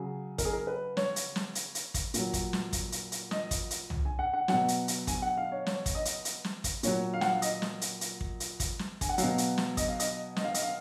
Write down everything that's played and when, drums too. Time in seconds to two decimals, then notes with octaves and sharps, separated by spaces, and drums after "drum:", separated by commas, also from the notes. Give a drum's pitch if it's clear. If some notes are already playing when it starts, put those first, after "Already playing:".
Already playing: C#3 F#3 G#4
0.38 A#4, drum: kick, hi-hat
0.45 G#4
0.53 A#4
0.67 B4
0.97 C#5, drum: snare
1.16 drum: hi-hat
1.36 drum: snare
1.55 drum: hi-hat
1.75 drum: hi-hat
1.94 drum: kick, hi-hat
2.14 A#2 F#3, drum: hi-hat
2.33 drum: kick, hi-hat
2.53 drum: snare
2.73 drum: kick, hi-hat
2.92 drum: hi-hat
3.12 drum: hi-hat
3.31 D#5, drum: snare
3.51 drum: kick, hi-hat
3.70 drum: hi-hat
3.90 drum: tom C2
4.05 G#5
4.19 F#5
4.34 F#5
4.48 B2 F#3 F#5, drum: snare
4.68 drum: hi-hat
4.88 drum: hi-hat
5.07 G#5, drum: kick, hi-hat
5.22 F#5
5.37 F5
5.52 C#5
5.66 C#5, drum: snare
5.86 drum: kick, hi-hat
5.95 D#5
6.05 drum: hi-hat
6.25 drum: hi-hat
6.44 drum: snare
6.64 drum: kick, hi-hat
6.83 A#2 F#3 C#5, drum: hi-hat
7.14 F5
7.21 F#5, drum: snare
7.31 F5
7.42 D#5, drum: hi-hat
7.62 drum: snare
7.81 drum: hi-hat
8.01 drum: hi-hat
8.21 drum: kick
8.40 drum: hi-hat
8.60 drum: kick, hi-hat
8.79 drum: snare
9.01 G#5, drum: kick, hi-hat
9.09 F#5
9.18 F#3 F5, drum: hi-hat
9.23 B2
9.38 drum: hi-hat
9.58 drum: snare
9.77 D#5, drum: kick, hi-hat
9.88 F5
10.00 D#5, drum: hi-hat
10.36 D#5, drum: snare
10.44 F5
10.54 D#5, drum: hi-hat
10.62 F5